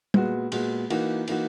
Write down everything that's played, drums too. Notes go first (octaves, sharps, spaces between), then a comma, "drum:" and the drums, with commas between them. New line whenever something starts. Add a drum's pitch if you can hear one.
A#2 G#3 B3 F#4, drum: tom
A#2 G#3 B3 F#4, drum: cymbal
E3 A#3 D#4 F#4, drum: cymbal
E3 A#3 D#4 F#4, drum: cymbal